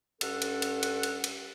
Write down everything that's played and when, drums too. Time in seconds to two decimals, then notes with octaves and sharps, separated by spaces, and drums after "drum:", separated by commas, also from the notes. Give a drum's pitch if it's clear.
0.21 G2 C#4 A4 F#5, drum: cymbal
0.42 drum: cymbal
0.62 drum: cymbal
0.83 drum: cymbal
1.03 drum: cymbal
1.24 drum: cymbal